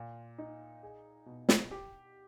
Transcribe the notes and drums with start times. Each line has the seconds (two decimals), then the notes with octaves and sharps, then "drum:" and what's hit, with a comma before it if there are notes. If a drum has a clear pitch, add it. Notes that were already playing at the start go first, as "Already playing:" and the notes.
Already playing: A#2
0.38 D#4
0.83 G#4
1.26 B2
1.49 drum: snare
1.71 G4